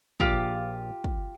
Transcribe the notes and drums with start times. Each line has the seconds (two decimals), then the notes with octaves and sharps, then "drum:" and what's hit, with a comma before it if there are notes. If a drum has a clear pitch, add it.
0.20 A#1 F3 F4 G4, drum: kick
1.04 drum: kick